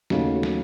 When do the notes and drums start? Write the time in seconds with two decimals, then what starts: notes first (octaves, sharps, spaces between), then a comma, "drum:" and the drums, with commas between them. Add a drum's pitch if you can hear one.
0.10 D#2 C#3 F#3 A3 D#4, drum: snare
0.43 drum: snare